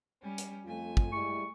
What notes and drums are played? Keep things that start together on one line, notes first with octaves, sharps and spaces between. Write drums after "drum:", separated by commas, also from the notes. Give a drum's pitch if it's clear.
G3 C#4
drum: hi-hat
F2 A3 F4 G#5
drum: kick
G3 G#3 E4 C#6